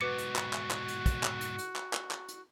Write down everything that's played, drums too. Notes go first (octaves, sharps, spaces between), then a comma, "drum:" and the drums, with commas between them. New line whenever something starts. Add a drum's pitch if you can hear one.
G#2 B2 F#4 B4 D6 C#7
drum: hi-hat
drum: clap
drum: clap
drum: clap
drum: hi-hat
drum: kick, hi-hat
drum: clap
drum: hi-hat
drum: hi-hat
drum: clap
drum: clap
drum: clap
drum: hi-hat